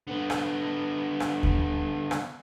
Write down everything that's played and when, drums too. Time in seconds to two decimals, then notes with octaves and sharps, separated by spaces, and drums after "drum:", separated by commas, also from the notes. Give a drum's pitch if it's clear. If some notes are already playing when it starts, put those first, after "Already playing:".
0.07 D3 B3
0.30 drum: rim click
1.20 drum: rim click
1.43 drum: kick D#2
2.11 drum: rim click